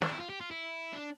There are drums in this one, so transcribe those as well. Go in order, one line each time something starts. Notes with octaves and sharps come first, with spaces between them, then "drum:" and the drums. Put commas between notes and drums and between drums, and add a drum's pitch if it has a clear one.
D4, drum: snare
E4
F4
G4
F4
E4
D4